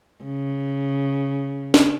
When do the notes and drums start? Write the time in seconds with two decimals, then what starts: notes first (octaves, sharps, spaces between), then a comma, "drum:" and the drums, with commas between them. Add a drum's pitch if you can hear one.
0.25 C#3
1.74 drum: snare